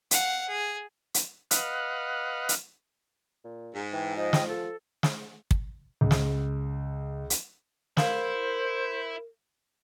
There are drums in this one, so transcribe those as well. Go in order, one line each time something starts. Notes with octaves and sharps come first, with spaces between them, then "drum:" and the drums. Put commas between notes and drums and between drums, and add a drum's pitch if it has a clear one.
F5 F#5, drum: hi-hat
G#4
drum: hi-hat
B4 D#5 F5 F#5, drum: hi-hat
drum: hi-hat
A#2
G#2
E3 G5
F3 C5 D#5
G5, drum: snare
F4 A4
drum: snare
drum: kick
C#2
drum: snare
drum: hi-hat
E4 A#4 C5 F5, drum: snare